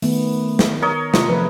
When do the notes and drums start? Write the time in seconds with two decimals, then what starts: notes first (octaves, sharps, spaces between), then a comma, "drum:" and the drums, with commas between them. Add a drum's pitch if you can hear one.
0.02 D#3 A3 B3, drum: open hi-hat
0.59 drum: snare
0.82 A#4 C#5 D#5
1.14 C3 A3 F4, drum: snare
1.29 F3 B4